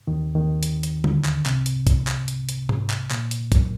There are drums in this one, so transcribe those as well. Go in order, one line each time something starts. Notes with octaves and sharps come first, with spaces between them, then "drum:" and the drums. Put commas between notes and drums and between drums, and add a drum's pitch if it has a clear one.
D#2 D#3
D#2 D#3
drum: hi-hat
drum: hi-hat
D2 D3, drum: tom G3
drum: clap
C2 C3, drum: clap
drum: hi-hat
drum: kick, hi-hat
drum: clap
drum: hi-hat
drum: hi-hat
drum: tom G#2
drum: clap
A#2, drum: clap
drum: hi-hat
F#2, drum: kick, hi-hat